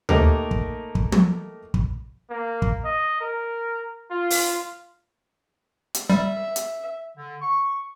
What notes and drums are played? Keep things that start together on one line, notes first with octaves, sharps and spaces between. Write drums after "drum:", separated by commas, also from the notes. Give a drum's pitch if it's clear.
A3 A#3 D#4 G4 A#4, drum: tom D2
drum: kick
drum: kick
drum: tom
drum: kick
A#3
drum: kick
D#5
A#4
F4
drum: open hi-hat
drum: hi-hat
G3 E5
drum: hi-hat
D3
C#6